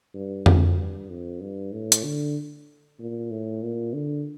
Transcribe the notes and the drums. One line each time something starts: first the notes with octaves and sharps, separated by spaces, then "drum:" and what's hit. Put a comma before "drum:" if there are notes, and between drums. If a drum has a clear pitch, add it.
G2
F2, drum: tom F2
G2
F2
G2
A2
drum: hi-hat
D3
A#2
A2
A#2
D3